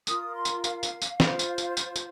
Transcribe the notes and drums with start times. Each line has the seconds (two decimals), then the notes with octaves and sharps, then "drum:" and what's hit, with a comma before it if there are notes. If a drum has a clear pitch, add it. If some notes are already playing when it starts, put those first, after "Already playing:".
0.07 F4 A#4 D#6, drum: tambourine
0.35 C6
0.45 drum: tambourine
0.64 F5, drum: tambourine
0.83 drum: tambourine
1.02 drum: tambourine
1.20 F4 C5, drum: snare
1.39 drum: tambourine
1.58 drum: tambourine
1.77 drum: tambourine
1.96 drum: tambourine